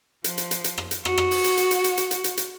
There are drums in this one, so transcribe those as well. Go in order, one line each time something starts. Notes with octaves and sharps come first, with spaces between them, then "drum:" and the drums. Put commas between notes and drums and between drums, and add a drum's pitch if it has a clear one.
F3, drum: hi-hat
drum: hi-hat
drum: hi-hat
drum: hi-hat
drum: rim click
drum: hi-hat
F#4, drum: rim click
drum: rim click
drum: open hi-hat
drum: hi-hat
drum: hi-hat
drum: hi-hat
drum: hi-hat
drum: hi-hat
drum: hi-hat
drum: hi-hat
drum: hi-hat